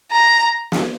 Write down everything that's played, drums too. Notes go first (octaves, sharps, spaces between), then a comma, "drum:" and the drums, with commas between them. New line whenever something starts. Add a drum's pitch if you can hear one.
A#5
drum: snare